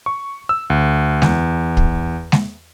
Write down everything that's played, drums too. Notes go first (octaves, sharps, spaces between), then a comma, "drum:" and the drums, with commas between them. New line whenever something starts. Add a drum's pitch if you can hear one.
C#6
E6
D2
E2, drum: snare G#3
drum: kick
drum: snare G#3